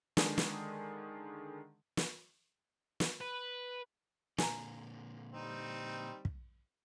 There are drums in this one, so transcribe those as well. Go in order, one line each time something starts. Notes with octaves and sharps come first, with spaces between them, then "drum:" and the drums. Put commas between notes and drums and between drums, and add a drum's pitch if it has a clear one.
D3 D#3 G#3 D4 G#4, drum: snare
drum: snare
drum: snare
drum: snare
B4
A#2 D3 G#5 A#5, drum: snare
G3 C4 D#4
drum: kick